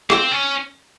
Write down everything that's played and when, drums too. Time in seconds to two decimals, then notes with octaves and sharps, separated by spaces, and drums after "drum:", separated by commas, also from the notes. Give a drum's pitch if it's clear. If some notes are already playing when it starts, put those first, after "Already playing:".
0.10 C4, drum: rim click
0.31 C#4